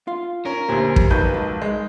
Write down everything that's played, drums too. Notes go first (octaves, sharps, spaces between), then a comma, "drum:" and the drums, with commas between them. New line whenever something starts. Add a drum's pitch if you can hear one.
F4 F5
C#4 A#4
D2 A#2 G4 C5 G#5
drum: kick
B1 F3 F#4 B4 G6
G#2 E3
G#3